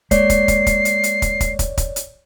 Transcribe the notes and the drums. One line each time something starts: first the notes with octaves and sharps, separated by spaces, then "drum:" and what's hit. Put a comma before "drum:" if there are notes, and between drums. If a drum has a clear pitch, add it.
G#3 A#3 C#5 D5 C7, drum: kick, hi-hat
drum: kick, hi-hat
drum: kick, hi-hat
drum: kick, hi-hat
drum: hi-hat
drum: hi-hat
drum: kick, hi-hat
drum: kick, hi-hat
drum: kick, hi-hat
drum: kick, hi-hat
drum: hi-hat